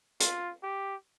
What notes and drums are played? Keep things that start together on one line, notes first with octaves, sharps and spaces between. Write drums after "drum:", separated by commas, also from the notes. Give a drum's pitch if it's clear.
F4, drum: hi-hat
G4